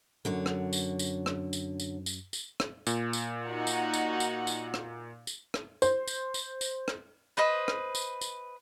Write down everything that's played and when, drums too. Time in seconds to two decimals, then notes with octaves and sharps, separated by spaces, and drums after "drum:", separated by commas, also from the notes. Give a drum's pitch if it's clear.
0.25 F#2 D3 F#3 C#5
0.46 drum: rim click
0.73 drum: tambourine
0.99 drum: tambourine
1.26 drum: rim click
1.53 drum: tambourine
1.80 drum: tambourine
2.06 drum: tambourine
2.33 drum: tambourine
2.60 drum: rim click
2.87 A#2, drum: tambourine
3.13 drum: tambourine
3.45 D#4 F#4 F#5
3.67 drum: tambourine
3.94 drum: tambourine
4.20 drum: tambourine
4.47 drum: tambourine
4.74 drum: rim click
5.27 drum: tambourine
5.54 drum: rim click
5.82 C5, drum: tambourine
6.08 drum: tambourine
6.34 drum: tambourine
6.61 drum: tambourine
6.88 drum: rim click
7.37 B4 C5 D#5 B5
7.68 drum: rim click
7.95 drum: tambourine
8.21 drum: tambourine